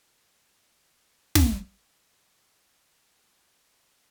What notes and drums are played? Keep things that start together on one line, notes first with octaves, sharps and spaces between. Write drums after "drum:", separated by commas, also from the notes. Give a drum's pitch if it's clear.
F#3
F3
D3
D3
drum: snare
F3
F#3
G#3
F#3
A2
G#2
A2
B2
A2
B2
C#3
A2
G#2
A2